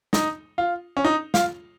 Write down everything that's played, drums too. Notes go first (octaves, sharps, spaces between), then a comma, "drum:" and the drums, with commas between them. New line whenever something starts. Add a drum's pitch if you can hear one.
D#4, drum: snare
F4
C#4
D#4
F4, drum: snare